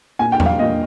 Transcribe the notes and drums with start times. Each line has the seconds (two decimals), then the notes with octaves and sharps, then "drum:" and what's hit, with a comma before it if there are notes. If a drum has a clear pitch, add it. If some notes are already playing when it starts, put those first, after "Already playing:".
0.19 A#2 G#5
0.32 G5
0.40 G3, drum: tom E2
0.46 F5
0.59 A#2 D#5